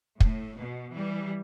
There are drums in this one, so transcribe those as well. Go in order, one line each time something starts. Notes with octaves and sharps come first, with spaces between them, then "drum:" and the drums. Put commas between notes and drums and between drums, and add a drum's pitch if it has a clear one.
A2, drum: kick
B2
E3 G3